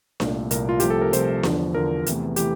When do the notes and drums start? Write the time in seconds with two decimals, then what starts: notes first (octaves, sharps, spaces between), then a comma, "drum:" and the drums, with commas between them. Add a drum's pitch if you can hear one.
0.20 C2 A#2 A3, drum: snare D4
0.51 C2 A#2 A3 A#4, drum: hi-hat
0.69 F4
0.80 C2 C3 F3 A3 G4, drum: hi-hat
0.90 A4
1.01 A#4
1.13 C2 C3 F3 A3 C5, drum: hi-hat
1.43 E2 D3 F3, drum: snare D4
1.75 E2 D3 F3 A#4
2.06 E2 C3 E3 A3, drum: hi-hat
2.36 C3 E3 A3 G4, drum: hi-hat